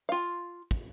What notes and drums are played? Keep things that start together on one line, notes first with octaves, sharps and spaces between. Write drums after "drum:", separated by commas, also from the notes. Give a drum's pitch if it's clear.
F4 F5
drum: kick